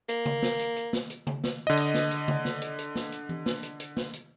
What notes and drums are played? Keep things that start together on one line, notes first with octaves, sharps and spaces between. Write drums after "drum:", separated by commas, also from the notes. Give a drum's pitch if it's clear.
A#3, drum: hi-hat
drum: tom C#3
drum: snare
drum: hi-hat
drum: hi-hat
drum: snare
drum: hi-hat
drum: tom C#3
drum: snare
D3 D#5
drum: hi-hat
drum: snare
drum: hi-hat
drum: tom C#3
drum: snare
drum: hi-hat
drum: hi-hat
drum: snare
drum: hi-hat
drum: tom E3
drum: snare
drum: hi-hat
drum: hi-hat
drum: snare
drum: hi-hat